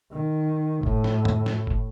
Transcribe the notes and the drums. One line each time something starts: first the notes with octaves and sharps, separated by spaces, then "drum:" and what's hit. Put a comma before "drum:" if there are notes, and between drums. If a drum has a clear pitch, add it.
D#3
A2, drum: kick F#1
drum: snare
drum: tom F2
drum: snare
drum: kick F#1